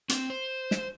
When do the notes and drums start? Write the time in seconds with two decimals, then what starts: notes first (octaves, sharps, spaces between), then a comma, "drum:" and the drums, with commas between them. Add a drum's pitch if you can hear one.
0.09 C4, drum: hi-hat
0.30 C5
0.71 drum: snare